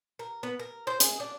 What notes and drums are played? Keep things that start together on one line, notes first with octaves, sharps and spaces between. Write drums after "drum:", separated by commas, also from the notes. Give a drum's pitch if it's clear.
A#4
B3
A#4
C5
G#4, drum: hi-hat
D4